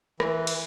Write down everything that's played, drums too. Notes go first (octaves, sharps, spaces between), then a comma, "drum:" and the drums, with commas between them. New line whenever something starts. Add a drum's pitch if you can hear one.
E3, drum: rim click
drum: cymbal